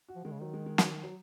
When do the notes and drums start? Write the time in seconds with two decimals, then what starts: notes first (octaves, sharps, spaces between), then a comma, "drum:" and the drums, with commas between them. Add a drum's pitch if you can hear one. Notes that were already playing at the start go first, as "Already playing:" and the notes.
0.08 F#4
0.16 F3
0.24 D#3 G#3
0.32 C#3
0.41 D#3 F#3
0.54 G#3
0.66 G#3
0.78 F#3, drum: snare
1.03 F#3